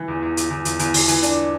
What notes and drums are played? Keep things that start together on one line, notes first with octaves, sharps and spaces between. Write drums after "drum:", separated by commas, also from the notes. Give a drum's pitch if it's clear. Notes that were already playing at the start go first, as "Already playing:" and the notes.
Already playing: E3
E2
E2
E2, drum: hi-hat
E2
E2, drum: hi-hat
E2, drum: hi-hat
E2, drum: open hi-hat
E3, drum: hi-hat
D4, drum: hi-hat